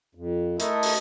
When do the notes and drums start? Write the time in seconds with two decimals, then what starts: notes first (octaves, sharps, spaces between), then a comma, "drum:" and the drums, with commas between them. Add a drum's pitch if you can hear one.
0.15 F2
0.59 A3 E4 A4 A#4 D#5, drum: hi-hat
0.83 drum: open hi-hat